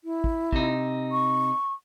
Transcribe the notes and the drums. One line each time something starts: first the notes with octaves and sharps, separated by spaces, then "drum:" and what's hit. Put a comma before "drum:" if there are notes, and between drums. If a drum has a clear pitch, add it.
E4
drum: kick
C3 D#4, drum: kick
C#6